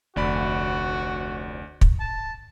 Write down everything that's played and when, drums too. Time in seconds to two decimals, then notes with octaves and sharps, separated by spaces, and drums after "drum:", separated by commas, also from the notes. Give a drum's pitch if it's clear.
0.16 F1 D2 F#4 D5 B5
1.81 drum: kick
2.00 A5